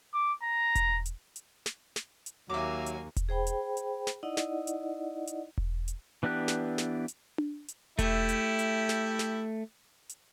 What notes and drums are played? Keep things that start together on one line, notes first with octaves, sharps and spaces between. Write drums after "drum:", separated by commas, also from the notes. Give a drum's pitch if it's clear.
D6
A#5
drum: kick E1, hi-hat
drum: hi-hat
drum: hi-hat
drum: snare
drum: snare
drum: hi-hat
D#2 F#3 A#3 E5 G#5 D6
drum: hi-hat
drum: kick E1, hi-hat
G#4 C5 G5 B5
drum: hi-hat
drum: hi-hat
drum: snare
D#4 E4 D5 D#5 F#5
drum: snare
drum: hi-hat
drum: hi-hat
drum: kick E1
drum: hi-hat
E3 B3 D4 G4 F#6
drum: snare
drum: snare
drum: hi-hat
drum: tom D4
drum: hi-hat
A3 E4 G4, drum: kick E1, hi-hat
drum: hi-hat
drum: hi-hat
drum: snare
drum: snare
drum: hi-hat